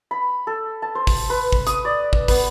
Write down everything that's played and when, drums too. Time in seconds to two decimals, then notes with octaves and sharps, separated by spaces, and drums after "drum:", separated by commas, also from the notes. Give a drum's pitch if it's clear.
0.11 B5
0.47 A4
0.82 A5
0.95 C5
1.07 drum: kick, open hi-hat
1.30 B4
1.52 drum: kick
1.67 D#6, drum: hi-hat
1.85 D5
2.13 drum: kick
2.28 B3, drum: kick, open hi-hat